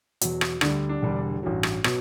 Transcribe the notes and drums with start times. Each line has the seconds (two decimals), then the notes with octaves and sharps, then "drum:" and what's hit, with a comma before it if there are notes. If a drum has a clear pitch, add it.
0.21 E2 B2 F#3, drum: hi-hat
0.41 drum: rim click
0.61 D2 D3 G3 D4, drum: rim click
0.89 D4
1.02 E1 E2 D3 G3
1.43 A1 G2 F#3
1.63 drum: rim click
1.84 B2 F#3, drum: rim click